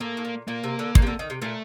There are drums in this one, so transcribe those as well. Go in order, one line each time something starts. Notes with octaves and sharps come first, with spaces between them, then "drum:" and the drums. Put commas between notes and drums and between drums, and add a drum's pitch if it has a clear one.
A2 A#3
A2
A#2
A#2 A#3
C3
D3
A#2, drum: kick
C3
D3
D#3
C3
A#2 A3